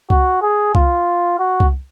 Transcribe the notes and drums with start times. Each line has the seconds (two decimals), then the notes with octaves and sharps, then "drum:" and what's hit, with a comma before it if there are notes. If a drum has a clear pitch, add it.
0.10 F#4, drum: kick C2
0.42 G#4
0.75 F4, drum: kick C2
1.39 F#4
1.60 drum: kick C2